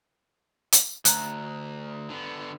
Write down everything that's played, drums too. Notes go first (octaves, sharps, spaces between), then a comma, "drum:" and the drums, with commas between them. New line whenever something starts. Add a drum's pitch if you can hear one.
drum: hi-hat
D2 A#5 F#6, drum: hi-hat
D3 B3